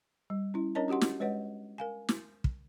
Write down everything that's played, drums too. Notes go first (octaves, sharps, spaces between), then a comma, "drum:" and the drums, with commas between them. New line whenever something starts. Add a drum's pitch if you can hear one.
G3
C#4 E4
C#4 D4 A#4 C#5 D#5 A5
C#4 F#4 G4 F#5 C6
drum: snare
G#3 B4 C#5 D#5 F#5
A#4 F5 G#5
drum: snare
drum: kick